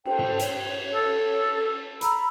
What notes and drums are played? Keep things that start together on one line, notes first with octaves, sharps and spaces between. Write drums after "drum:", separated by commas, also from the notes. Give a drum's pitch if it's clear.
A4 C5 G5, drum: cymbal
drum: tom
C#5, drum: hi-hat
A4
A#5 B5 E6, drum: hi-hat